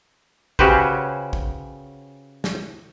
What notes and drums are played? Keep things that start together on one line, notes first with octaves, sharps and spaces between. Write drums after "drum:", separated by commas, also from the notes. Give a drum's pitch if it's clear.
C#3 C#4 F#4 G4 B4 C5, drum: kick
drum: kick
drum: snare